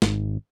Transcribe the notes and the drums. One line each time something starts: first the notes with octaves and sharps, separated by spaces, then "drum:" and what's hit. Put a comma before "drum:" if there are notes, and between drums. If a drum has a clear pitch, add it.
G#1, drum: snare